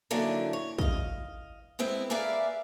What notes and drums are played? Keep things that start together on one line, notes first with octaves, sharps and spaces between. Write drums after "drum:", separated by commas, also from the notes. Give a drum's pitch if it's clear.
D3 E3 F#3 A#3 D4 D#4
C#5
D#5 F5, drum: kick
G#3 B3 C4 E4
G#4 A#4 B4 D5 E5 F5